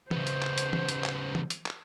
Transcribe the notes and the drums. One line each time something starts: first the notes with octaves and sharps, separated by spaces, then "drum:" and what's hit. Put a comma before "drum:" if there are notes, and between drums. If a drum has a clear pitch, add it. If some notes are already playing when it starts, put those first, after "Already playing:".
C#3 B3 C5, drum: tom E3
drum: hi-hat
drum: clap
drum: hi-hat
drum: tom E3
drum: hi-hat
drum: clap
drum: tom E3
drum: hi-hat
drum: clap